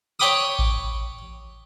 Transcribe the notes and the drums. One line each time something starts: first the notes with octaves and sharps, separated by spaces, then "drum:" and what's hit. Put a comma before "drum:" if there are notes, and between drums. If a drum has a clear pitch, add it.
C#5 G5 B5 D6 D#6
drum: kick A1